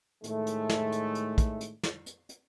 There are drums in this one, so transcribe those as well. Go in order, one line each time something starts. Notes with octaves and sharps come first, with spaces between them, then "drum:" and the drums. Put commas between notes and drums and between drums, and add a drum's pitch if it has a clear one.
A2 D#3 G#3 A3, drum: hi-hat
drum: hi-hat
drum: snare
drum: hi-hat
drum: hi-hat
drum: kick, hi-hat
drum: hi-hat
drum: snare
drum: hi-hat
drum: hi-hat